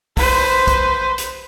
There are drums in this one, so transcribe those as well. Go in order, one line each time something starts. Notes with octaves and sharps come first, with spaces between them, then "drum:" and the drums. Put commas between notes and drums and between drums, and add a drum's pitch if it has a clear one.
B4 C5, drum: kick, open hi-hat
drum: kick, hi-hat
drum: hi-hat